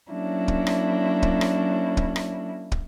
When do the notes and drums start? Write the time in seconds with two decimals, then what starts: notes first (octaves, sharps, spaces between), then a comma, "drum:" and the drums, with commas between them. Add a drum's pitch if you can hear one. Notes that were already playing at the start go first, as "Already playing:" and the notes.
0.11 F#3 A#3 C#4 D4 E4
0.48 drum: kick
0.67 drum: rim click
1.22 drum: kick
1.41 drum: rim click
1.97 drum: kick
2.16 drum: rim click
2.72 drum: kick